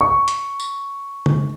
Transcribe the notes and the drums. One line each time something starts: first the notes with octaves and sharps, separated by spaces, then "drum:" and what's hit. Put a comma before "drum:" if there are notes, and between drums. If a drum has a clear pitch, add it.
C#6
drum: hi-hat
drum: tambourine
drum: tom